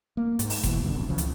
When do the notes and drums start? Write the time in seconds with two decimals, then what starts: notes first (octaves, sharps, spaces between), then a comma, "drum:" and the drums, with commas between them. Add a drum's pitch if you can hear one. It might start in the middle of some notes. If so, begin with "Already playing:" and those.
0.17 A#3
0.39 G#2, drum: hi-hat
0.50 drum: open hi-hat
0.63 B2 E3, drum: kick F1, hi-hat
0.82 F#1 D2 G2 D3
0.94 D1 A1 F2
1.09 C#2 C#3 E3 F3
1.18 drum: hi-hat